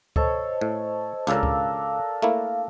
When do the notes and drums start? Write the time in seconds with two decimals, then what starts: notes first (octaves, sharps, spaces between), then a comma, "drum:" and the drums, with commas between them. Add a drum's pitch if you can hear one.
0.16 A4 C5 C#5 D#5, drum: kick C#2
0.61 A2
1.27 C#2 C#3 D4 A4 A#4 F5 E6, drum: hi-hat
1.43 drum: kick C#2
2.22 A3 A#3 E4 F5